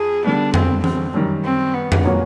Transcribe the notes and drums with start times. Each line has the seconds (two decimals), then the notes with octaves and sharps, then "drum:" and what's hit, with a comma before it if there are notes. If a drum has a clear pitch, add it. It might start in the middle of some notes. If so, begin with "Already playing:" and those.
Already playing: F2 G#4
0.25 D3 G3 B3 D4
0.54 C4, drum: tom F2
0.84 C4, drum: tom
1.14 F#2 D#3 G3
1.45 C4
1.74 B3
1.92 drum: tom F2
2.05 A#2 F#3 A#3 C#4 F#4